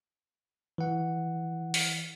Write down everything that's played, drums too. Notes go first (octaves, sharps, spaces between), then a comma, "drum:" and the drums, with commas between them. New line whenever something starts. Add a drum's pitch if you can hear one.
E3 F#5
drum: open hi-hat